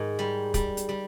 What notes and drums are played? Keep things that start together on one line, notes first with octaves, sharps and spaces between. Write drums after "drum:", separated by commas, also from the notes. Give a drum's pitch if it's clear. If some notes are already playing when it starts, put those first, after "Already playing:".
Already playing: G#2 D#3
G3
G3, drum: kick, hi-hat
drum: hi-hat
G3